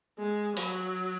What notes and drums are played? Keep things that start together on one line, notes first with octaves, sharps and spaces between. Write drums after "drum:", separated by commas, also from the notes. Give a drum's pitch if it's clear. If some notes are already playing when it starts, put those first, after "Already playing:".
G#3
F#3, drum: open hi-hat